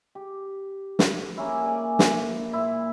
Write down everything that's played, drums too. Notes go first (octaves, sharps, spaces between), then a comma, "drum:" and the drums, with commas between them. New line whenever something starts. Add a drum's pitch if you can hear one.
G4
drum: snare
A#3 C#4 E4
D5 G#5
drum: snare
A#2 E4